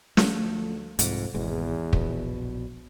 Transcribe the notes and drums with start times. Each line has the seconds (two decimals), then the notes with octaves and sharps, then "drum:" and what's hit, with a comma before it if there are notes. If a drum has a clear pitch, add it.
0.17 D2 F3 A3, drum: snare
0.99 C2 F2 G#2, drum: hi-hat
1.34 G#1 E2 B2 G#3
1.93 A#1 B2, drum: kick